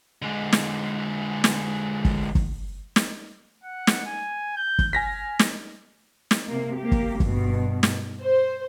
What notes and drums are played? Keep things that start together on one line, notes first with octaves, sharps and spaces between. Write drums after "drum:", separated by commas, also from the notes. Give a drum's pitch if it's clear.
D3 G#3
drum: snare
drum: snare
drum: kick
drum: kick
drum: snare
F#5
drum: snare
G#5
G6
drum: kick
G#5 F6 A#6 B6
drum: snare
drum: snare
C3 A#3
A#3 G4
drum: kick
G2 B2, drum: kick
drum: snare
C5